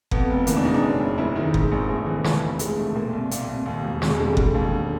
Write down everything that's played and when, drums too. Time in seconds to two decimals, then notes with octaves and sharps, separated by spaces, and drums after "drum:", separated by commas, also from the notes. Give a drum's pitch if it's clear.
0.11 F2 B3, drum: kick F#1
0.30 F1
0.47 E3 A#3, drum: hi-hat
0.57 D4
0.65 C#3 D#4
0.74 D4
0.83 F#2
1.00 F#1
1.18 F#1 E4
1.36 D#3 D#4
1.54 G#2, drum: kick F#1
1.72 A#1
1.88 A#1 A3
2.06 E3
2.24 D#2, drum: snare
2.43 F1
2.59 F1 G#3, drum: hi-hat
2.77 D3 A3
2.95 A#2 A#3
3.13 C2
3.31 A#2, drum: hi-hat
3.49 C2
3.66 D#2
3.85 E1
4.02 E1 G#3, drum: snare
4.20 D3 G#3
4.33 G3
4.37 D3 G#3, drum: kick F#1
4.55 D#2
4.73 D3